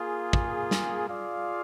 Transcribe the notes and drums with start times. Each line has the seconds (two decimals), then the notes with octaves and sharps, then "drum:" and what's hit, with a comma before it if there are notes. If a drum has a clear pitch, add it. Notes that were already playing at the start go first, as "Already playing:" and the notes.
Already playing: A#3 F4 G#4
0.33 drum: kick
0.71 drum: snare
1.08 F4 G#4 D5 F5